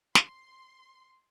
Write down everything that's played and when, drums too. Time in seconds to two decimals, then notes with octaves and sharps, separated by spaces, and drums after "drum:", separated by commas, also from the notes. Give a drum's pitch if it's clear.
0.15 C6, drum: snare